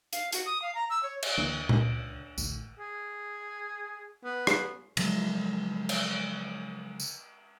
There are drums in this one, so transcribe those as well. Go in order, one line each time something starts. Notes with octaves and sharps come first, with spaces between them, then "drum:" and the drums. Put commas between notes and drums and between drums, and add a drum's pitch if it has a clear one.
F5, drum: hi-hat
F#4, drum: hi-hat
D#6
F5
A#5
E6
C#5
drum: cymbal
D2 D3 E3 A#3 D4
C#2, drum: tom A#2
A1 D2 A2, drum: tambourine
G#4
B3
drum: rim click
C#3 F3 F#3 G#3, drum: cymbal
drum: cymbal
drum: tambourine